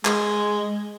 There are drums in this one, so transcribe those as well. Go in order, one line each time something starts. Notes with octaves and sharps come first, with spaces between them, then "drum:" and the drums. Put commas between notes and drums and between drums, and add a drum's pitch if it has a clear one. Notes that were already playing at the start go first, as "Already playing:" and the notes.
G#3, drum: clap